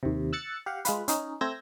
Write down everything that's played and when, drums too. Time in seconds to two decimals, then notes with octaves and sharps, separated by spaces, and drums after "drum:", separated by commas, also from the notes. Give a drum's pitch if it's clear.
0.03 D#2 C3
0.33 E6 F#6 A6 C#7
0.66 G4 F5 F#5
0.85 G#3 F4 B4, drum: hi-hat
1.08 C#4 D#4, drum: hi-hat
1.41 A3 C4 E6 G6 G#6 A#6